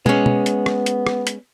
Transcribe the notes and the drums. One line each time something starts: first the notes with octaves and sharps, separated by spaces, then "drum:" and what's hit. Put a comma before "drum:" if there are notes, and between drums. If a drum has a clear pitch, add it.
G#3 B3 C#4, drum: tom
drum: tom
drum: hi-hat
drum: rim click
drum: hi-hat
drum: rim click
drum: hi-hat